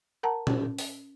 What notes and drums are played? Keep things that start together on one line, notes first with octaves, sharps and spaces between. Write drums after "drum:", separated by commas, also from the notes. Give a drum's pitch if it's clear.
A#4 F#5 A5 A#5
C#4, drum: tom A#2
drum: open hi-hat